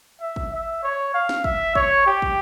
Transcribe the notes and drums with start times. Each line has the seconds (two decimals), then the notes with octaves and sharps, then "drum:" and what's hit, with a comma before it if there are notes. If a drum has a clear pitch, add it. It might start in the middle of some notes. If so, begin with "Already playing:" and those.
0.21 E5
0.36 drum: kick
0.52 E5
0.83 C#5
1.14 F5
1.29 drum: snare
1.44 E5, drum: kick
1.75 C#5, drum: kick
2.06 G4
2.22 drum: kick